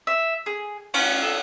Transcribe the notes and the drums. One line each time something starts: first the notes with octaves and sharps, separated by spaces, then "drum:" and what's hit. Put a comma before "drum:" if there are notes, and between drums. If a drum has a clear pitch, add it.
E5
G#4
C#4, drum: cymbal
A4